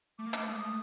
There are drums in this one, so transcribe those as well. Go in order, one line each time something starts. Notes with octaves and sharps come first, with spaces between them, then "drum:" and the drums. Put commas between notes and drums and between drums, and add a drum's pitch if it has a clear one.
A3 D6
A#3
A3, drum: hi-hat
D6
G#3 D#6
A3